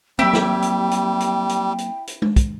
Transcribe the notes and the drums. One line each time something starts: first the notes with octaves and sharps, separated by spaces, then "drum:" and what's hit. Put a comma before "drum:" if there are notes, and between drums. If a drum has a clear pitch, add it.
F#3 G3 A#3 C4 E4 G4 E5 G5
drum: snare
drum: hi-hat
drum: hi-hat
drum: hi-hat
drum: hi-hat
drum: hi-hat
drum: hi-hat
drum: tom G#3
drum: kick, hi-hat